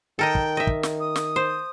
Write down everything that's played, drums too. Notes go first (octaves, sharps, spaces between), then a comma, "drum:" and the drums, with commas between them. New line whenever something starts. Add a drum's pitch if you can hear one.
D#3 A4 A#4 D#5 G5
drum: kick
D#5 E5
drum: kick
drum: snare
D#6
drum: snare
C5